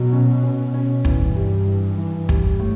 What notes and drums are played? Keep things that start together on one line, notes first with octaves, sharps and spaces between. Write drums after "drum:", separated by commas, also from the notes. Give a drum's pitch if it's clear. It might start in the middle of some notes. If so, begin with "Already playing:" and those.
Already playing: B2 F#3
C#4
C#4
C#4
G2 E3, drum: kick
G3
E3
E3
G3, drum: kick
A2